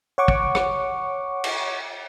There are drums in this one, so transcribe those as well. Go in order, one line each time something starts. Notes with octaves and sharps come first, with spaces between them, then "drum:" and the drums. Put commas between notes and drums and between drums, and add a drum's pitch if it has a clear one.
C#5 F#5 C#6 D6
drum: kick
drum: rim click
drum: cymbal